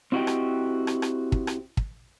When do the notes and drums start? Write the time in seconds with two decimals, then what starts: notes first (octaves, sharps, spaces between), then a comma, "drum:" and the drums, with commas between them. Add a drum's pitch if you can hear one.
0.12 C4 E4 F#4 G4 D#5 G5
0.27 drum: rim click
0.87 drum: rim click
1.02 drum: rim click
1.32 drum: kick
1.47 drum: rim click
1.77 drum: kick